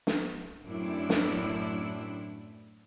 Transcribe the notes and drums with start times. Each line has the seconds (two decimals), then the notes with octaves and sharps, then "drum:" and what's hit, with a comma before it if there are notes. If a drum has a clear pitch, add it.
0.07 drum: snare
0.64 F#2 A2 A3 C4 D4 E4
1.10 drum: snare